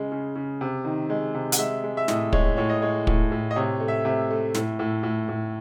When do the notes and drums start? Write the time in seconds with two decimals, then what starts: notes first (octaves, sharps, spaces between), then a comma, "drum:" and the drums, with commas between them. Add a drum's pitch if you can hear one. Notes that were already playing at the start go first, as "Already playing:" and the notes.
Already playing: C#3 G#3
0.12 C#3
0.36 C#3
0.61 C3
0.84 D#3
1.10 G#3
1.35 C3
1.52 F#5, drum: hi-hat
1.58 G#3 E5
1.84 G#3
1.97 E5
2.08 A2 D#5, drum: snare
2.33 G#3 C#5, drum: kick
2.57 A2 C#5
2.70 D#5
2.82 G#3 C#5
3.07 A2, drum: kick
3.32 A2
3.51 D#5
3.56 C3 C#5
3.80 A3
3.88 E5
4.05 C3 E5
4.30 A3
4.54 A2, drum: snare
4.79 A2
5.03 A2
5.29 A2